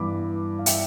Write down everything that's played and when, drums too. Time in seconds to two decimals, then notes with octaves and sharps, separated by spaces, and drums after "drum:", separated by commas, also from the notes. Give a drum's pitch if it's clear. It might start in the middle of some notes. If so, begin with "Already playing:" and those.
Already playing: G2 E3 B3 B5 D6
0.59 F5
0.66 E5 G5, drum: hi-hat